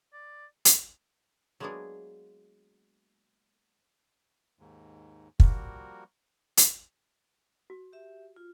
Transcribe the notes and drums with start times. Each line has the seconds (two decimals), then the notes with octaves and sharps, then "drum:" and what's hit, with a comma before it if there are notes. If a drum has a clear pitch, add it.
0.13 D5
0.65 drum: hi-hat
1.60 F#3 G#3 A#3 B3 D4 G#4
4.59 D#2 G#2
5.40 F3 G3 A#3 F#4 A#4, drum: kick
6.57 drum: hi-hat
7.70 F#4
7.93 G4 E5
8.36 F4